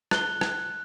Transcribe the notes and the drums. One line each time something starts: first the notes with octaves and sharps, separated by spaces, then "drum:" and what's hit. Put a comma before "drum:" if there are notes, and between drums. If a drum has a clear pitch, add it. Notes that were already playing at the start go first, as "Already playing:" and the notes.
F#6 G7, drum: rim click
drum: rim click